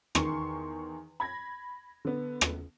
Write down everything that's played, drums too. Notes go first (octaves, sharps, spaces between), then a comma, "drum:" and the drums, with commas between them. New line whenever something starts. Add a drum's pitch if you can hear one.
E2 D#3 C6 C#6, drum: rim click
B5 G#6 A#6
D3 B3
drum: rim click